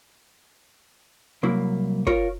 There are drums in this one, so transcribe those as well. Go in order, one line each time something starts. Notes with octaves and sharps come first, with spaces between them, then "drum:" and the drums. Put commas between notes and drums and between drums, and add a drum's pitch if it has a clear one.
C2 F#3 A#3 E4
F4 A#4 C#5, drum: kick